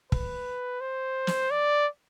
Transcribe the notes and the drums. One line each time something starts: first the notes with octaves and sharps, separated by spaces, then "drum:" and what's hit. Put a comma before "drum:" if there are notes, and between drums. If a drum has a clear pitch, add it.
B4, drum: kick
C5
drum: snare
D5